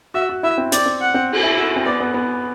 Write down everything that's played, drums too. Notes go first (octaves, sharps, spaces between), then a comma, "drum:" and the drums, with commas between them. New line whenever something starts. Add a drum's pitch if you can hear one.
F#4 E5
F#4
E4 E5
C4
C4 D5, drum: hi-hat
C4
F#5
C4
drum: cymbal
E4
F#4 E5
C4
B3 D5
B3
B3